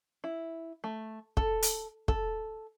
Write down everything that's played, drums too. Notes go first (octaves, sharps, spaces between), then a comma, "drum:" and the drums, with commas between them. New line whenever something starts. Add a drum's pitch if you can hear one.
E4
A3
A4, drum: kick
drum: hi-hat
A4, drum: kick